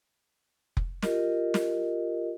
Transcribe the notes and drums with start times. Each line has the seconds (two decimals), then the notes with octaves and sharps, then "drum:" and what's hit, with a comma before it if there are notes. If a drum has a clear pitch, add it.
0.77 drum: kick F1
1.02 F4 G4 A#4 D#5, drum: snare
1.54 drum: snare